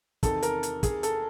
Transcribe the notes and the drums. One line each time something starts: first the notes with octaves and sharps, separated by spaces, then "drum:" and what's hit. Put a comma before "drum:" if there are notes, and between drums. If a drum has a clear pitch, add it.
E2 C3 D#3 A4, drum: kick, hi-hat
A#4, drum: hi-hat
drum: hi-hat
G#4, drum: kick, hi-hat
A4, drum: hi-hat